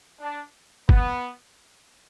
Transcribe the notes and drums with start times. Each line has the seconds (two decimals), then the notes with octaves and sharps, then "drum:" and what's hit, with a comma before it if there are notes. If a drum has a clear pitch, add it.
0.20 D4
0.89 B3, drum: kick